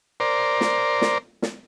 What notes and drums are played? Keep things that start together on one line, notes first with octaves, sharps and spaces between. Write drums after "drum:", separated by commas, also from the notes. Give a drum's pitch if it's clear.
A#4 C5 D5
drum: snare
drum: snare
drum: snare